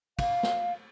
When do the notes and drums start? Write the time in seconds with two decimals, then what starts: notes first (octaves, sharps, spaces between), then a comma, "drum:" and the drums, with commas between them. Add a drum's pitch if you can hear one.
0.19 F5, drum: kick, cymbal
0.43 drum: snare